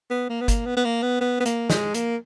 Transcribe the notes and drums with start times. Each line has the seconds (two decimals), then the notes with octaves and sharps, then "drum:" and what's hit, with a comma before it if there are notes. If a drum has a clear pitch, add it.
0.10 B3
0.29 A#3
0.41 B3
0.48 A#3, drum: kick G1, hi-hat
0.66 B3
0.77 B3
0.85 A#3
1.02 B3
1.21 B3
1.40 B3
1.45 A#3, drum: hi-hat
1.70 G#3, drum: snare
1.94 A#3, drum: hi-hat